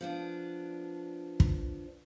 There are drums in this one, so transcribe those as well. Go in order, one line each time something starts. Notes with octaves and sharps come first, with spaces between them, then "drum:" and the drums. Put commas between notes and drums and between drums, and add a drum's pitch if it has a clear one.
F3 B3 D4
drum: kick